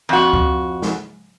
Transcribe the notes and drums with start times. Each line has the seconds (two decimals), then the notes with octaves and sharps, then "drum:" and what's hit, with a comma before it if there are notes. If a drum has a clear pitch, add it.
0.09 F2 F#4
0.33 drum: kick C#2
0.82 drum: snare